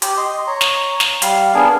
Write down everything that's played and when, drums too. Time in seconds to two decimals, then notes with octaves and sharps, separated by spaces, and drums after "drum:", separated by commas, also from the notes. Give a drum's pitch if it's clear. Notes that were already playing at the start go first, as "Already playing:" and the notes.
0.02 G4, drum: hi-hat
0.18 D#5 C6
0.47 C#5 A#5
0.61 drum: snare
1.00 drum: snare
1.22 G3 F5, drum: hi-hat
1.54 B3 D4 G#4 A#4